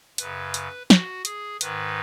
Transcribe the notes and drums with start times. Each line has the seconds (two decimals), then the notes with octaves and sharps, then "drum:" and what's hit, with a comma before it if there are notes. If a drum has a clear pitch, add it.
0.18 F#2 C#3 B4, drum: hi-hat
0.54 drum: hi-hat
0.90 F#4, drum: snare
1.25 G#4, drum: hi-hat
1.61 G#2 D#3 B4, drum: hi-hat